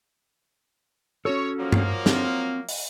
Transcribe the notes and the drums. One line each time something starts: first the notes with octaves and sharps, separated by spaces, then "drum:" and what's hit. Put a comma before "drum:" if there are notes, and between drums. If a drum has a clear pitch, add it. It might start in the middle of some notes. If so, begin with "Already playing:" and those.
C#4 F#4 A4 C#5
F3 F#3 A#3
drum: tom G2
C4, drum: snare
drum: open hi-hat